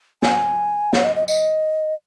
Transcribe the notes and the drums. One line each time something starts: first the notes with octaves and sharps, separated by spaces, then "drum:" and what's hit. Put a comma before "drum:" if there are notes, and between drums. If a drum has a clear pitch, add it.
G#5, drum: snare
C#5, drum: snare
D#5
D#5
D#5, drum: tambourine